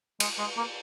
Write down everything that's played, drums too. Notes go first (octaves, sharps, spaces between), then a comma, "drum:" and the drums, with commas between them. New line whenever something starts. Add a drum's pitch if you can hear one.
G#3, drum: cymbal
G#3
A#3